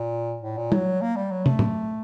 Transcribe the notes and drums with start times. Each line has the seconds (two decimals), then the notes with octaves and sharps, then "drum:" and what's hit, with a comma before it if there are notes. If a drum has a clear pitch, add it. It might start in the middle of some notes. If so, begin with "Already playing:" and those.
Already playing: A#2
0.42 A2
0.57 A#2
0.72 F#3, drum: tom
1.02 A#3
1.16 G3
1.31 F#3
1.46 A3, drum: tom
1.59 drum: tom